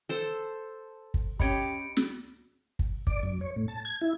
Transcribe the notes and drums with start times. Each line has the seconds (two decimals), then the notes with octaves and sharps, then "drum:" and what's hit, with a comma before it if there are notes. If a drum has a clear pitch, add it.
0.09 A4 C5
1.14 drum: kick
1.39 C#4 G4 C#5 D#5 B5 C#7 D7, drum: kick
1.97 drum: snare
2.79 drum: kick
3.07 D5, drum: kick
3.23 F#2
3.41 C#5
3.56 A2
3.68 A5
3.85 G#6
4.01 E4